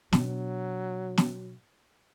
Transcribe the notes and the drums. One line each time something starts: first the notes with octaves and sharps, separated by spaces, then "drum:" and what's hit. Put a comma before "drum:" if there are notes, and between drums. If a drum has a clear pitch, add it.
B2 F#3 D4, drum: snare
drum: snare